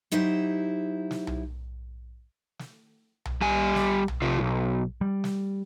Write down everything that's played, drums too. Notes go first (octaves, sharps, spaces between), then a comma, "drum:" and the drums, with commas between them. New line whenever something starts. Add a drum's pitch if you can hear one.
F#3 D#4 E4 G4 C5
drum: snare
drum: tom B1
drum: snare
drum: tom B1
G3 G#5
drum: snare
drum: tom B1
C3 F4
B1
G3
drum: snare